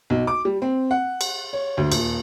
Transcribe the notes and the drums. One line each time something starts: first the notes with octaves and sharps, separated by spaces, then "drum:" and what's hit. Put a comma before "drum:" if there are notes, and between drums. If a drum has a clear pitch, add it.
B1
D6
G3
C4
F#5
drum: cymbal
C#5
D2
D#1, drum: cymbal